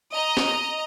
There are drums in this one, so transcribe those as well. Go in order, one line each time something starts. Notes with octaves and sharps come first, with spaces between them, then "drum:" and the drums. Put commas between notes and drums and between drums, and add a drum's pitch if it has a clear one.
D#5 A#5
drum: snare